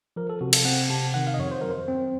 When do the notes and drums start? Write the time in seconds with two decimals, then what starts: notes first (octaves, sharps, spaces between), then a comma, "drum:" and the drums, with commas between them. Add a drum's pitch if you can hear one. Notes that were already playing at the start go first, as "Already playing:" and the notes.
0.16 F3 A#4
0.30 A4
0.41 C3 F#4
0.53 A4, drum: cymbal
0.65 C4 F#5
0.90 C3 A5
1.14 D#3 F#5
1.27 F5
1.34 D#5
1.39 F2 C#5
1.51 C5
1.61 F#3 A#4
1.71 C5
1.88 C4